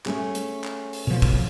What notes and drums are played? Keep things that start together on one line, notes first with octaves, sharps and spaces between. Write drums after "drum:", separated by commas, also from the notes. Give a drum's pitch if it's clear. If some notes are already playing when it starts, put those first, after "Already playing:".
A3 C#4 G#4, drum: clap
drum: hi-hat
drum: clap
drum: open hi-hat
B2 F3
drum: kick